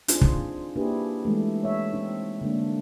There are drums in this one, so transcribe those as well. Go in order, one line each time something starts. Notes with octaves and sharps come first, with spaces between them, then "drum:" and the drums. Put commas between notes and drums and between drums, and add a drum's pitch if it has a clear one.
C4 D4 D#4 F4 G#4 C5, drum: hi-hat
drum: kick
A#3 D4 E4 G4 G#4 B4
E3 G#3 A3
C#5 E5
C4 D#4
D3 G#3 A#3 D4